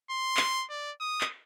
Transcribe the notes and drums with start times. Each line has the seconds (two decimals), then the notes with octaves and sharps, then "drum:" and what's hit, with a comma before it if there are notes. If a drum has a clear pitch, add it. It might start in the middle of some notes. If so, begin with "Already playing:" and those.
0.11 C6
0.37 drum: clap
0.70 D5
1.00 D#6
1.21 drum: clap